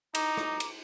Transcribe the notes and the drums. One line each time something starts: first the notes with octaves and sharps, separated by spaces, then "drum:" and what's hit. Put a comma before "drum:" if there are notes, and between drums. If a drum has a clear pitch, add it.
D#4 A#5 D6, drum: cymbal
drum: rim click
drum: cymbal